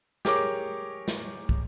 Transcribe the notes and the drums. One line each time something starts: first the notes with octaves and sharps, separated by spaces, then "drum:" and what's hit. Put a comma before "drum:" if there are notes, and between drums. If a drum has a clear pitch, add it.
G4 G#4 A#4 C#5 D6, drum: snare
drum: snare
drum: kick